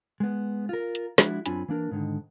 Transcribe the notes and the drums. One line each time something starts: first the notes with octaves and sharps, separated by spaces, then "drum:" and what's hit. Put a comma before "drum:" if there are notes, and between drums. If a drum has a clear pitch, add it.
G#3 B3
F4 A#4
drum: hi-hat
F3 G#3 D4 E4 F#4, drum: snare
F#2 C4 D4 F4 G#5 B5, drum: hi-hat
E3 A#3 D4 A#4
G#2 D3 D#3